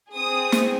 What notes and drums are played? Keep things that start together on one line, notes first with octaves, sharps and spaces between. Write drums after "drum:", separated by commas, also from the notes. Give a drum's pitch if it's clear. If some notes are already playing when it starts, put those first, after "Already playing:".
C4 G#4 D#6
drum: snare